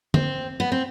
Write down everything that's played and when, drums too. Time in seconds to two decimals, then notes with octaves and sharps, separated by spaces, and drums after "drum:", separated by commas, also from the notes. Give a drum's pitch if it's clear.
0.14 C4, drum: tom
0.60 B3
0.72 C4